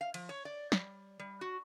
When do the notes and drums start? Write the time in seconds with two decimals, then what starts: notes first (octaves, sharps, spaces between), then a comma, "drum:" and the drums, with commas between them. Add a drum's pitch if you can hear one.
0.01 F5
0.14 F3, drum: cymbal
0.29 C#5
0.45 D5
0.72 G3, drum: snare
1.19 G3
1.41 F#4